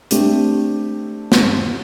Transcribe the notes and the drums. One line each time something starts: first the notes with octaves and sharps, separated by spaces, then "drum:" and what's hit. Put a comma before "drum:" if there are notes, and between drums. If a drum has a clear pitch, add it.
A3 C4 D4 G4, drum: hi-hat
drum: snare